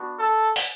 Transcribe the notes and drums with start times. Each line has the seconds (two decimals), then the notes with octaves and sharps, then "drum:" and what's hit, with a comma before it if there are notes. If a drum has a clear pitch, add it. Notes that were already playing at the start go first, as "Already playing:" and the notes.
Already playing: B3 D4 F#4
0.18 A4
0.56 drum: open hi-hat